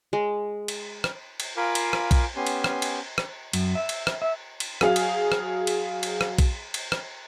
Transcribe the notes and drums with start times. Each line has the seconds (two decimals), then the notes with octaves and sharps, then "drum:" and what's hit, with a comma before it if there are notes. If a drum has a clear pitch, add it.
0.13 G#3
0.68 drum: cymbal
1.04 drum: rim click
1.40 drum: cymbal
1.57 F4 A#4 F5 G#5 B5 D6
1.75 drum: cymbal
1.93 drum: rim click
2.11 drum: kick, cymbal
2.36 B3 C#4 G4 G#5 C6
2.47 drum: cymbal
2.64 drum: rim click
2.82 drum: cymbal
3.18 drum: rim click
3.53 F#2, drum: cymbal
3.75 E5
3.89 drum: cymbal
4.07 drum: rim click
4.22 E5
4.60 drum: cymbal
4.81 F#3 G#4 F5, drum: rim click
4.96 drum: cymbal
5.32 drum: rim click
5.67 drum: cymbal
6.03 drum: cymbal
6.21 drum: rim click
6.38 drum: kick, cymbal
6.74 drum: cymbal
6.92 drum: rim click